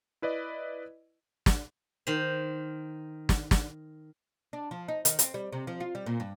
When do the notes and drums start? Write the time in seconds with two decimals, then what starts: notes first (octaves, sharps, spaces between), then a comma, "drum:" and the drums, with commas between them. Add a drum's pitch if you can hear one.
0.22 E4 B4 D5 D#5
1.46 drum: snare
2.07 D#3 C5
3.29 drum: snare
3.51 drum: snare
4.53 D4
4.71 F3
4.88 D#4
5.05 D#3, drum: hi-hat
5.19 C4, drum: hi-hat
5.34 G3
5.52 C3
5.67 F3
5.80 F4
5.95 G3
6.06 A#2
6.20 G2